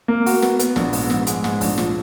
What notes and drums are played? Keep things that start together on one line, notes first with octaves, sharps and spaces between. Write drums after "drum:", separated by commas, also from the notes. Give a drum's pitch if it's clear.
A#3
F#4, drum: open hi-hat
B3, drum: snare
B3, drum: hi-hat
A#1, drum: snare
G#2, drum: open hi-hat
B3, drum: snare
G#3, drum: hi-hat
G#2, drum: snare
A#1, drum: open hi-hat
F3, drum: snare